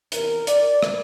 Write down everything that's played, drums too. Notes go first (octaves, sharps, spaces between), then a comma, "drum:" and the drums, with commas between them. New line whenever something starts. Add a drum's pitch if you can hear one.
E2 C3 E3 A#4, drum: hi-hat
D5, drum: hi-hat
drum: rim click